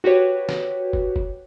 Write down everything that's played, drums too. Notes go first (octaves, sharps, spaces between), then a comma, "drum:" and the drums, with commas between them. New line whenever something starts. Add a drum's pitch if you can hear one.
F#4 G4 B4 C#5
drum: snare
drum: kick
drum: kick